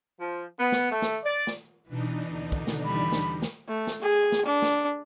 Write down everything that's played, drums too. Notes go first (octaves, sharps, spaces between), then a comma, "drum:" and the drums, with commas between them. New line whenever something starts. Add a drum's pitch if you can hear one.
F3
B3
drum: snare
A3
drum: snare
D5
drum: snare
B2 E3 D4 D#4
D#2 B2 D3
drum: kick
drum: snare
E3 G3 B5
drum: snare
drum: snare
A3
drum: snare
G#4
drum: snare
D4
drum: snare